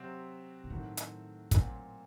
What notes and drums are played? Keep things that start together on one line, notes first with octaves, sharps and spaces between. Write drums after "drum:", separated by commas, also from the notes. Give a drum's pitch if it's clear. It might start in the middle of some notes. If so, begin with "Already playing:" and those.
Already playing: C3 F#3 C4
A#2
A2 D#3 F#3 A3 C4 F#4
drum: hi-hat
A#2 F#3 C4, drum: kick, hi-hat